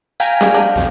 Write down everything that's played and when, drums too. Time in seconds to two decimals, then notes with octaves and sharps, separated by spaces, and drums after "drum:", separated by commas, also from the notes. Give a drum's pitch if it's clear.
0.20 F5 G5 G#5 A#5, drum: hi-hat
0.41 G3 G#3, drum: snare C#4
0.54 D4
0.75 B1 F2